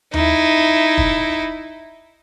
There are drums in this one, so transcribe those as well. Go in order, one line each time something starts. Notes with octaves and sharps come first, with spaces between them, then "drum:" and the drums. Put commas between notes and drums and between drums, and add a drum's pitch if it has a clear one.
D#4 E4, drum: tom D#2
drum: kick